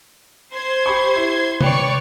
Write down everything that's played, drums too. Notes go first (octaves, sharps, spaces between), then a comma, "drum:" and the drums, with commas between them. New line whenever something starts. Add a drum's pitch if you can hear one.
C5 C6 G#6
G4 B5 C#6
E4
B4 C#5 D5 G5 C#6, drum: tom C3